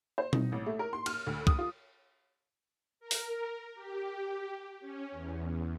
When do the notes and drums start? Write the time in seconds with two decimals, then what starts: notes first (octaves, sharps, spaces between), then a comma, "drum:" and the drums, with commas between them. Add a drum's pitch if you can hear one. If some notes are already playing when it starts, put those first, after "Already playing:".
0.18 C5
0.33 D#4, drum: tom B2
0.52 A1
0.66 A3
0.79 A#4
0.93 C6
1.06 F6, drum: cymbal
1.26 D2
1.47 D#6, drum: kick
1.59 F4
3.00 A#4
3.11 drum: open hi-hat
3.75 G4
4.80 C#4
5.12 E2